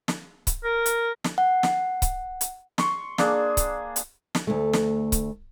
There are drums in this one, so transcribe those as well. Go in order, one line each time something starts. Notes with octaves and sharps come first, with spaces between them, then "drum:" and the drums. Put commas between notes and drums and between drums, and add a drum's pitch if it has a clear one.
drum: snare
drum: kick C#1, hi-hat
A#4
drum: hi-hat
drum: snare
F#5
drum: snare
drum: kick C#1, hi-hat
drum: hi-hat
C6 C#6, drum: snare
A#3 D4 G#4, drum: snare
drum: kick C#1, hi-hat
drum: hi-hat
drum: snare
D2 A3
drum: snare
drum: kick C#1, hi-hat